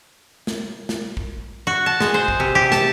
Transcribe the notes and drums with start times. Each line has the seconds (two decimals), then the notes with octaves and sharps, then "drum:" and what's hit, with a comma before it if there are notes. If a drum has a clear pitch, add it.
0.47 drum: snare
0.89 drum: snare
1.17 drum: kick
1.67 F#4
1.86 A5
2.00 G#3, drum: snare
2.14 C5
2.28 drum: kick
2.40 C3
2.55 G4
2.72 A5, drum: snare